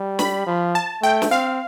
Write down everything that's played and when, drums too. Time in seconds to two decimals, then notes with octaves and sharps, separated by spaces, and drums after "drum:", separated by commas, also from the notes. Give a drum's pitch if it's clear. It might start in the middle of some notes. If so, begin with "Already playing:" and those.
Already playing: G3
0.19 B5, drum: snare
0.47 F3
0.75 A5
1.03 A3 G5
1.22 drum: snare
1.31 C4 F5